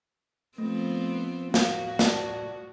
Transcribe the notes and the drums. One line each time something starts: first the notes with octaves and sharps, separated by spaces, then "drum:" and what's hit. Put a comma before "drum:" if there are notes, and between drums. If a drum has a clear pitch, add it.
F3 A3 B3 C4
F#4 F5, drum: snare
D5 A5, drum: snare